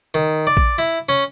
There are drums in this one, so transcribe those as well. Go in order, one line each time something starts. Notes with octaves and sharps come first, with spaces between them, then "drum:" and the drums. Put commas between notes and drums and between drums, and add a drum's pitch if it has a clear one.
D#3
D5
drum: kick A#1
E4
C#4